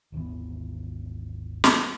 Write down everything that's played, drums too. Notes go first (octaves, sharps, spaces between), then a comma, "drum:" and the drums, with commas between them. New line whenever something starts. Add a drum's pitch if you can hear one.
G#1 D#2 E3 B3
drum: snare